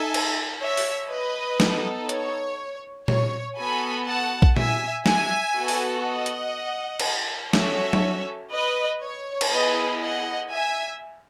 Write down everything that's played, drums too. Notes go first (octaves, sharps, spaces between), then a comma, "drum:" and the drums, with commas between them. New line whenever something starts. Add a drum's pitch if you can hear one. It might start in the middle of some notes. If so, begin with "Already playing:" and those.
Already playing: D#4 A4 E5 G#5
drum: cymbal
C#5 E5
drum: open hi-hat
B4 D#5
B3 D#4 A4, drum: snare
C#5, drum: hi-hat
C#5, drum: tom A#2
B3 F#4 A4 G#5 B5
F#5 A5
drum: kick A#1
E5 G#5, drum: tom A#2
E5 G#5, drum: snare
B3 F#4 A4
drum: open hi-hat
D#5 F#5
drum: hi-hat
drum: cymbal
C#4 F#4 A4 C#5 E5, drum: snare
drum: tom F#3
B4 D#5
C#5
drum: cymbal
B3 E4 G#4 B4 D#5
D#5 F#5
E5 G#5